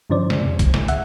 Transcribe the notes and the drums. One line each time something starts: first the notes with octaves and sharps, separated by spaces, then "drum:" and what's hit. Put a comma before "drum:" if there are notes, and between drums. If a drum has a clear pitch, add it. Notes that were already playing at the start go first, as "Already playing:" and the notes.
G2 D3 F3 C#4 C5 D5
drum: snare
F2 C3
drum: kick, hi-hat
drum: snare
E5 F#5, drum: hi-hat